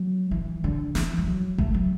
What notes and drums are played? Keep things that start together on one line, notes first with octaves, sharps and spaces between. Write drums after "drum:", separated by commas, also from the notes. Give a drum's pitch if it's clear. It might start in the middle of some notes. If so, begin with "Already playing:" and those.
Already playing: F#3
E3
D3
E3, drum: snare
E3
F#3
A3, drum: kick G1
F#3